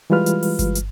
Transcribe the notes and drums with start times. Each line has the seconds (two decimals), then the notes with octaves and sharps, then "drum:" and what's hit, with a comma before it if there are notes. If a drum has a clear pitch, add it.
0.10 E3 G3 G#3 F4 B4 F6
0.26 drum: hi-hat
0.43 drum: open hi-hat
0.59 drum: kick G1, hi-hat
0.75 drum: hi-hat